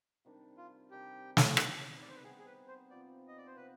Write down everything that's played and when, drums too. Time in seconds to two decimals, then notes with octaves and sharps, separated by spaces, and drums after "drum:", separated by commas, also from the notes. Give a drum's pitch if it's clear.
0.25 C3 D#3 G3 D4
0.57 F4
0.91 C3 D#3 G3 D4 G4
1.37 drum: snare
1.57 C3 G3 B3 D#4, drum: rim click
2.02 D5
2.09 C5
2.16 B4
2.24 C3 G3 B3 D#4 G#4
2.39 G#4
2.46 B4
2.68 C5
2.90 C3 F3 B3 D5
3.28 D#5
3.37 D5
3.47 C5
3.56 C3 F3 B3 B4